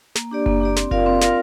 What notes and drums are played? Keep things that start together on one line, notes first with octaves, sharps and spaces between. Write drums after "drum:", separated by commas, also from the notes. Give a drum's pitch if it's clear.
A#3, drum: snare
D4 G4 D5
A#3, drum: kick F#1
D4 G4 D5
C4, drum: snare
F4 A#4 D5 F5, drum: kick F#1
C4
F4 A#4 D5 F5, drum: snare